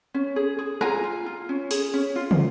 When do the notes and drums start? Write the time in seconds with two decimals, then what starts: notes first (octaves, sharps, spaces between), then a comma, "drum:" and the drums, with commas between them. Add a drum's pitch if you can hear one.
0.14 C#4
0.36 G#4
0.59 G#4
0.81 F4 G#5 A#5, drum: rim click
1.04 F4
1.26 F4
1.49 C#4
1.71 G#4, drum: open hi-hat
1.94 C#4
2.16 F4
2.31 drum: tom